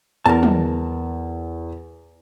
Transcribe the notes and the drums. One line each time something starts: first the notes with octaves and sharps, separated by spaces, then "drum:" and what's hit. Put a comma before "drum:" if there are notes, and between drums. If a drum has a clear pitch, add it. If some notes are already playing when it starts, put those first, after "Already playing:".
E2 A#4 A5
drum: tom